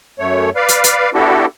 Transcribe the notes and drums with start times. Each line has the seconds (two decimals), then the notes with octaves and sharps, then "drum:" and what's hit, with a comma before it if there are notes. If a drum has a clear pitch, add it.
0.19 F#2 A3 C#5
0.56 B4 D5 F5
0.69 drum: hi-hat
0.84 drum: hi-hat
1.14 B3 D4 E4 F#4 G4 A4